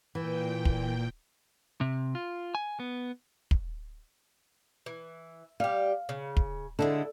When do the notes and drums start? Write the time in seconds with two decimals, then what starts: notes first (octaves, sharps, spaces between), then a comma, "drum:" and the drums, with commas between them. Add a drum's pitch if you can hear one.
0.15 A#2 E3 G5
0.65 drum: kick
1.81 C3
2.15 F4
2.55 G#5
2.80 B3
3.51 drum: kick
4.86 E3
5.60 G3 G4 F5
6.09 C#3
6.37 drum: kick
6.79 D3 G#3 E4 A4